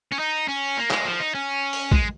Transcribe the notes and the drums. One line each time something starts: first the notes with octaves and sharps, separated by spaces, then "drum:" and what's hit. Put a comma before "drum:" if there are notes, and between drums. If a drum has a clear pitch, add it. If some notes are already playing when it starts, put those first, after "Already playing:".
C#4
D#4
C#4
A#3
G#3, drum: clap
F3
D#4
C#4
drum: open hi-hat
G#3, drum: kick